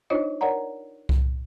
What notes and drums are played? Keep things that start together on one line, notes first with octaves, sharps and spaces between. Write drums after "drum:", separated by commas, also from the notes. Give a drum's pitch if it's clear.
D4 D#4 F4 C5 C#5 D#5
A#4 C#5 D5 F#5 A#5
drum: kick C2